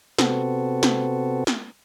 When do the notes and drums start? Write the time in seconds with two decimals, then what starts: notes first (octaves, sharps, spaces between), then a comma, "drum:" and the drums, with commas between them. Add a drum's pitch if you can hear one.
0.19 C3 B3 C4 F#4 A4, drum: snare
0.83 drum: snare
1.47 drum: snare